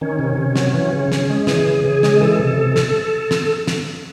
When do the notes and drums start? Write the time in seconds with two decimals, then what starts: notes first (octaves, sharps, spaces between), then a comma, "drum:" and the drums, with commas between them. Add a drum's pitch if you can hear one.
0.01 D#3 C#4
0.19 C3
0.37 C3
0.56 F#3, drum: snare
0.74 E3
0.93 C#3
1.12 C#3, drum: snare
1.30 G#3
1.47 E3 G#4, drum: snare
1.67 C#3
1.85 C#3 G#4
2.03 G#3, drum: snare
2.21 E3 A4
2.39 C3
2.58 C3
2.76 drum: snare
3.31 drum: snare
3.67 drum: snare